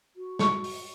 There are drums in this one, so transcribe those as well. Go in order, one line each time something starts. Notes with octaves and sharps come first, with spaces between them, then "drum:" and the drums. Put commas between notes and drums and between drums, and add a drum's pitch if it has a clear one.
F#4
C#6, drum: snare
drum: open hi-hat